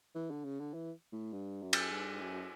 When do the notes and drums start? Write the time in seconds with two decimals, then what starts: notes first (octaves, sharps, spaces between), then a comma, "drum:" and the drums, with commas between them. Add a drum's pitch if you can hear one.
0.15 E3
0.31 D3
0.45 C#3
0.60 D3
0.74 E3
1.12 A2
1.33 G2
1.62 F#2
1.73 drum: cymbal
1.91 G2
2.20 F#2